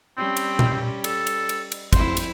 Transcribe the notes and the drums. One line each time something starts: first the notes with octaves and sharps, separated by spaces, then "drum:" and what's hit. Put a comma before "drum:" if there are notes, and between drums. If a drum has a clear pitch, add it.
G3 C4 C#4
drum: cymbal
drum: tom A#2
A4, drum: cymbal
drum: cymbal
drum: cymbal
drum: cymbal
F2 E4 C5, drum: kick, cymbal
drum: cymbal